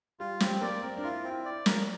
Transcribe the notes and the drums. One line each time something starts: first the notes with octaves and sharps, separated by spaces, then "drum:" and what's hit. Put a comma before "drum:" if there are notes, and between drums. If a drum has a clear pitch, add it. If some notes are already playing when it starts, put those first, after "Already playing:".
G3 F4
G3 C4, drum: snare
A#3 D5
C4 A#4
D4
E4 F4
C4
E4
D5
A#4, drum: snare